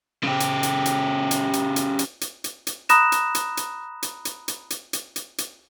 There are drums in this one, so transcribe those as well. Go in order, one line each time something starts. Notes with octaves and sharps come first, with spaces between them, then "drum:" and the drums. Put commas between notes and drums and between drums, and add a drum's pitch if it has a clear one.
C#3 G4
drum: hi-hat
drum: hi-hat
drum: hi-hat
drum: hi-hat
drum: hi-hat
drum: hi-hat
drum: hi-hat
drum: hi-hat
drum: hi-hat
drum: hi-hat
A#5 B5 D#6 F#6 A#6 E7, drum: hi-hat
drum: hi-hat
drum: hi-hat
drum: hi-hat
drum: hi-hat
drum: hi-hat
drum: hi-hat
drum: hi-hat
drum: hi-hat
drum: hi-hat
drum: hi-hat